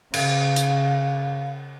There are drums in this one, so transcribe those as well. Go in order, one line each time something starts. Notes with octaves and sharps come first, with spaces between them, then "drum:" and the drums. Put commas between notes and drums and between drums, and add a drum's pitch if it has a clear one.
C#3 F5, drum: cymbal
drum: hi-hat